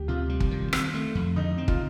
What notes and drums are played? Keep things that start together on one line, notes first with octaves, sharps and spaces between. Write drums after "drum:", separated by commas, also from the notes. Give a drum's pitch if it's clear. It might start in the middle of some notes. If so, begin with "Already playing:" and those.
Already playing: D2 G4
C3 F4
G3
drum: kick
D#3
C4, drum: rim click
A3
F2
D3 D#4
C4
F4, drum: kick